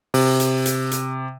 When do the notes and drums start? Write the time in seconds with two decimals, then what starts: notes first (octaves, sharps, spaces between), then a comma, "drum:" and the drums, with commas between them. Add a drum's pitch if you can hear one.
0.14 C3, drum: open hi-hat
0.40 drum: hi-hat
0.66 drum: hi-hat
0.92 drum: hi-hat